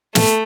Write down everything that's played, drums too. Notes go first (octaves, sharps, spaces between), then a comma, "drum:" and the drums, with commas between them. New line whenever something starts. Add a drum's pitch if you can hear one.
A3, drum: snare